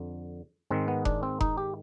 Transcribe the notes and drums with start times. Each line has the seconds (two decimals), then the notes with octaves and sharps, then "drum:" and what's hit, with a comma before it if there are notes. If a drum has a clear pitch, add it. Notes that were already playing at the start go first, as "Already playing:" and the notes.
Already playing: F2 D3
0.70 G#2 D#3 G#3 C4
0.88 B3
1.05 D4, drum: kick F1
1.23 C4
1.41 D#4, drum: kick F1
1.57 G4